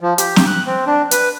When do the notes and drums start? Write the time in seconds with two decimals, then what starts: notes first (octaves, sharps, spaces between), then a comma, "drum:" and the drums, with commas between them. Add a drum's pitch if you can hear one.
0.01 F3
0.18 G4, drum: hi-hat
0.36 drum: snare C4
0.47 F#6
0.66 C4
0.87 D4
1.11 B4, drum: hi-hat